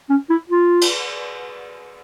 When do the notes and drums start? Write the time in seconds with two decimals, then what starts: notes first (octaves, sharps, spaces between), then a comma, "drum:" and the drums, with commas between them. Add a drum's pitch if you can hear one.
0.09 C#4
0.30 E4
0.50 F4
0.81 drum: cymbal